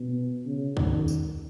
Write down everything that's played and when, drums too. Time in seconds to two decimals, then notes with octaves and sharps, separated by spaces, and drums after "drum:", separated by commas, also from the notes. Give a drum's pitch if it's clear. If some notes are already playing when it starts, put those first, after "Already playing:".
Already playing: B2
0.46 C#3
0.77 D#3, drum: kick C#2
1.08 drum: tambourine